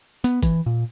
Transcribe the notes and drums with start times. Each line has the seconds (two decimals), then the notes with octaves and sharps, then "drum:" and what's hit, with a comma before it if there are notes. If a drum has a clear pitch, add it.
0.24 B3, drum: hi-hat
0.43 E3, drum: kick G1, hi-hat
0.66 A#2